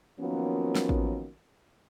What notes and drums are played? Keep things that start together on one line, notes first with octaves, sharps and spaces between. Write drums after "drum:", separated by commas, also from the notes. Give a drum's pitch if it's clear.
D#3 F3 F#3 A#3 B3 C#4
drum: snare
drum: kick A1